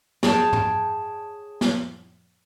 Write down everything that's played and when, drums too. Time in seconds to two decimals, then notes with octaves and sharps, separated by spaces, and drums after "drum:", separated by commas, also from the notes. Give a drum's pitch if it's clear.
0.23 G#4 C#5 G5 A5, drum: snare
0.53 drum: tom
1.61 drum: snare